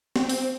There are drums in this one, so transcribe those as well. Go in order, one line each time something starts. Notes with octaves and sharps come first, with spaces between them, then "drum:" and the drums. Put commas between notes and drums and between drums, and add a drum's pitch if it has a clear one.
C4, drum: snare
drum: open hi-hat